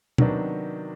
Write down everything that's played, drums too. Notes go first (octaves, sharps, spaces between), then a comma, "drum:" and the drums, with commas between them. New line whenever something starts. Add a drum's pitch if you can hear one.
C3 D#3 F#3 B3 D4, drum: tom